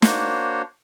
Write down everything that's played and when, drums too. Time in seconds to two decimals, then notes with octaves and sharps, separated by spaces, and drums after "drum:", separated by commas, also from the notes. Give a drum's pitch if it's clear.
0.02 A#3 D4 F#4 C5 C#5, drum: snare